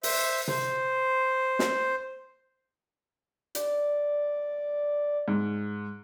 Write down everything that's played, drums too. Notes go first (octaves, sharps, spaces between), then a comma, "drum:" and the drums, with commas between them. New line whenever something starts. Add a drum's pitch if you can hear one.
C5 E5, drum: open hi-hat
C5, drum: tom C3
drum: snare
D5, drum: hi-hat
G#2